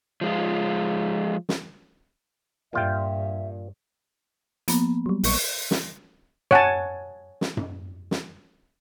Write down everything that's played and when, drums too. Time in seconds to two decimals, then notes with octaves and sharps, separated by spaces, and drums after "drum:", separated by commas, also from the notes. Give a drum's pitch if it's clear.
0.21 F3 G#3 F4
1.49 drum: snare
2.73 G2 A#2 F4 E5 G5
4.68 F3 A#3 B3, drum: hi-hat
5.06 F#3 G3
5.24 A#1 C#6, drum: open hi-hat
5.71 drum: snare
6.51 C#5 F#5 G#5 A5, drum: tom F#2
7.41 drum: snare
7.57 drum: tom F#2
8.11 drum: snare